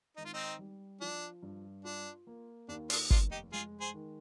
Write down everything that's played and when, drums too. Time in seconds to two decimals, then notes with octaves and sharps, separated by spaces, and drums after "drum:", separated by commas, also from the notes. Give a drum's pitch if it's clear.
0.17 G#1 D#4
0.25 F4
0.33 C4 D#4
0.59 G3
1.01 F3 D4
1.42 G2
1.84 D4 F4
2.27 A#3
2.68 D#2 D4
2.90 D4 F4, drum: open hi-hat
3.10 F1 D4 F4, drum: kick G1
3.31 D#4 G4
3.53 G#3 F4 G#4
3.81 G#4 C5
3.94 D#3